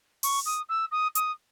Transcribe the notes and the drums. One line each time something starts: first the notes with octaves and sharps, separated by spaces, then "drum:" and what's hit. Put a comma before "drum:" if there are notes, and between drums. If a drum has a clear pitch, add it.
C#6, drum: open hi-hat
D#6
E6
D#6
D#6, drum: hi-hat